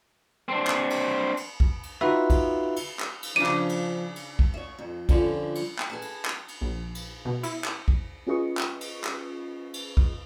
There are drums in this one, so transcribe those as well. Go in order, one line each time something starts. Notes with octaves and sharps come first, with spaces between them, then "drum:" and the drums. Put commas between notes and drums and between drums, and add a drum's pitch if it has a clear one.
C4 D4
drum: clap
drum: cymbal
drum: cymbal
drum: kick
drum: cymbal
D#4 F4 F#4 B4 E5
drum: kick, cymbal
drum: cymbal
drum: clap
drum: cymbal
C#3 F3 D4 D#7
drum: clap
drum: cymbal
drum: cymbal
drum: kick
C#5 E5
F2
D3 F3 G3 C#4 F4 A4, drum: kick, cymbal
drum: cymbal
drum: clap
G#4 B4 A5
drum: cymbal
drum: clap
drum: cymbal
A#1
drum: cymbal
B2
E4, drum: cymbal
drum: clap
drum: kick
C#4 F4 G#4 B4 D#5 C#6
drum: clap
drum: cymbal
drum: clap
drum: cymbal
drum: kick